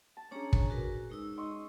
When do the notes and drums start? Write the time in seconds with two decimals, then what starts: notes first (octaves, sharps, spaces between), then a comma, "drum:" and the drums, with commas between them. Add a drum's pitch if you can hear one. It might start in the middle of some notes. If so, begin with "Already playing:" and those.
0.17 A5
0.31 C#4 D4 G#4 C#5 A#5
0.53 drum: kick
0.70 F#4 A#4 B4
1.10 G#3 D#4 E6
1.37 D#5 C6 C#6